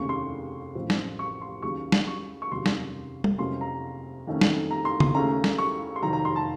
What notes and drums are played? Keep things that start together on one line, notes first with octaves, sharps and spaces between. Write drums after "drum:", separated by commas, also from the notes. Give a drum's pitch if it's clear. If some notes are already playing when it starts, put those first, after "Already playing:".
Already playing: F1 D#2 C#3 A3 C#4 C#6
C6
A1 A2 F3 C4
drum: snare
C#6
C6
D#2 C#3 F#3 C#6
drum: snare
C#6
C#6
F1 D#2 C#3 F#3 C6
drum: snare
drum: tom G3
F2 C3 F#3 A#3 C#4 C6
A#5
F2 D#3 A3 C#4
drum: snare
A#5
C6
C6, drum: tom C#3
D#2 C#3 A3 C#4 A#5
drum: snare
C#6
C6
F1 F2 D#3 F#3 A#5
A#5
C6
A5